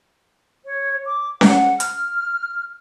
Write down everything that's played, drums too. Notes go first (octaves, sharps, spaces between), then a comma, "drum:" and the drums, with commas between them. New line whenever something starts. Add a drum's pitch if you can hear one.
C#5
D6
F#5, drum: snare C#4
F6, drum: hi-hat